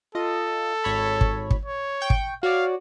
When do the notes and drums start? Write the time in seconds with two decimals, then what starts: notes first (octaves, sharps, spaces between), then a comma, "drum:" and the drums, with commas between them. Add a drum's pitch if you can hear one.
0.15 F4 A4 D#5
0.84 G#1 C#5 B5
1.21 drum: kick
1.51 drum: kick
1.65 C#5
2.01 G5 C#6
2.10 drum: kick
2.43 F#4 C#5 D5 F5